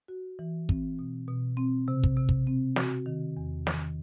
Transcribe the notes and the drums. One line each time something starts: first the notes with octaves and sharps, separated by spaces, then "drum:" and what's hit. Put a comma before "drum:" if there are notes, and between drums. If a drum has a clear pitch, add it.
F#4
E3
C4, drum: kick
B2
B2
C4
C3
drum: kick
C3
drum: kick
C4
F#4, drum: snare
D#3
E2
D#3, drum: snare